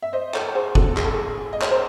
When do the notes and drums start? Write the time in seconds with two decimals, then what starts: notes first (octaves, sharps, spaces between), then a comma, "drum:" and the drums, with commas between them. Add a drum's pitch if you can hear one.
0.02 E5
0.13 C5 D#5
0.34 A4 C#5, drum: clap
0.55 G#4 C5
0.75 F#4 A4, drum: kick F1
0.97 G#4, drum: clap
1.05 A4
1.13 G#4
1.53 D#5
1.62 C#5, drum: clap
1.71 C5